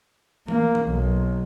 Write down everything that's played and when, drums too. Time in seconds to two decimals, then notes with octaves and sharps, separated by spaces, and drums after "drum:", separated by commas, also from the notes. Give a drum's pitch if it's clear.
0.48 A#3, drum: tom E3
0.75 drum: tom E3
0.89 B1